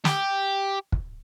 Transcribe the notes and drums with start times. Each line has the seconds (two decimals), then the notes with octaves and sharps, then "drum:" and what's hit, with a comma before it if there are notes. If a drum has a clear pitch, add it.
0.05 G4, drum: snare
0.92 drum: kick